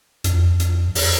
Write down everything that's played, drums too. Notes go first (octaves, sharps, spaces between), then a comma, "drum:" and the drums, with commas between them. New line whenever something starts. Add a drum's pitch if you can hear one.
F2, drum: hi-hat
drum: hi-hat
drum: open hi-hat